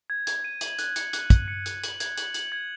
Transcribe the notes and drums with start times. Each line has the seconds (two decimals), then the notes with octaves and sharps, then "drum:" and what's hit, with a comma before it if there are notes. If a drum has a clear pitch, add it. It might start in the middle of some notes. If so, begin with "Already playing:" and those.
0.10 G#6
0.27 G#6, drum: hi-hat
0.44 D#7
0.61 F#7, drum: hi-hat
0.79 F#6, drum: hi-hat
0.96 C#7, drum: hi-hat
1.13 F#6, drum: hi-hat
1.30 F#6, drum: kick, hi-hat
1.48 C#7
1.66 F#6, drum: hi-hat
1.84 F#7, drum: hi-hat
2.00 G#6, drum: hi-hat
2.18 F#7, drum: hi-hat
2.34 F#7, drum: hi-hat
2.52 G#6